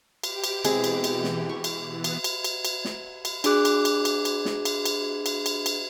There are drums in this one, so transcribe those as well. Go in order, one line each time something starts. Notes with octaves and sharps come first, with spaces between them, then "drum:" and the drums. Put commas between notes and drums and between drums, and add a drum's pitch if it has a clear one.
G4, drum: cymbal
drum: cymbal
B2 E3 G#3 C4 G4 G#4, drum: cymbal
drum: cymbal
drum: cymbal
drum: snare
C#6
drum: cymbal
E3 B3
drum: cymbal
drum: cymbal
drum: cymbal
drum: cymbal
drum: snare
drum: cymbal
D4 F#4 G#4 D6 F#6, drum: cymbal
drum: cymbal
drum: cymbal
drum: cymbal
drum: cymbal
drum: snare
drum: cymbal
drum: cymbal
drum: cymbal
drum: cymbal
drum: cymbal